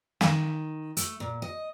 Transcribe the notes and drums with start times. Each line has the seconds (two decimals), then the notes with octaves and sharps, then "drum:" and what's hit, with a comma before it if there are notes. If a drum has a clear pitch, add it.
0.21 D#3, drum: snare
0.97 A3, drum: hi-hat
1.20 A#2
1.42 D#5